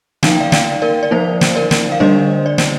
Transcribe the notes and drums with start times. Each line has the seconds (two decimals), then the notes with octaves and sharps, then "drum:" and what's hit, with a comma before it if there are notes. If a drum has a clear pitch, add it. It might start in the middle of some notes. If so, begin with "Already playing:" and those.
0.23 F3 A#3 D#4 F5, drum: snare
0.32 G5
0.40 D5 F5
0.52 D5 F5, drum: snare
0.82 A#4 D5
1.03 D5
1.11 F3 A#3 D#4 C5
1.41 drum: snare
1.55 A#4 D5
1.71 drum: snare
1.92 F5
2.00 D3 G3 A#3 D4 C5 D#5
2.46 D5
2.58 C5, drum: snare